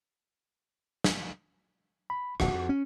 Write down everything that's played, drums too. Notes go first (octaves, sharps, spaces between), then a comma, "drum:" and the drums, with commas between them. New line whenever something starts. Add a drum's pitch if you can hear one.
drum: snare
B5
D1 A#1 A#2 F#4 F#5, drum: rim click
F2
C#4